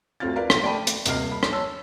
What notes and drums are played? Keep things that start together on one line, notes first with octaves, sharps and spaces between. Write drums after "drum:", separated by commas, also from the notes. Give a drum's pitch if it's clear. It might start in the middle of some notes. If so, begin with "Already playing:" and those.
D2 A3 C4 F4 F6 A6
F4 A#4 B4 D5 F5
drum: rim click
A3 D5 G5 A5 B5 D#7
drum: hi-hat
D#1 C3 D#5 F6 C7, drum: hi-hat
B5
drum: rim click
C#5 A5 E6